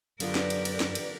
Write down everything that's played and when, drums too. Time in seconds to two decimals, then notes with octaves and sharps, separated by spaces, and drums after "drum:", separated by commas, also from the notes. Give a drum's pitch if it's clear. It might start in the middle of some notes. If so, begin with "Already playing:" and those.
0.20 F#2 D3 B3 F4 G4 A#4 B4 D5, drum: cymbal
0.35 drum: snare
0.50 drum: cymbal
0.65 drum: cymbal
0.80 drum: snare
0.95 drum: cymbal